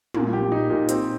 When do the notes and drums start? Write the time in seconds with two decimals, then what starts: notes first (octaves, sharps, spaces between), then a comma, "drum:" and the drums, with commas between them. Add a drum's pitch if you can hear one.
0.14 A#2, drum: tom
0.33 G4
0.52 D#4
0.70 A#2
0.89 C4, drum: hi-hat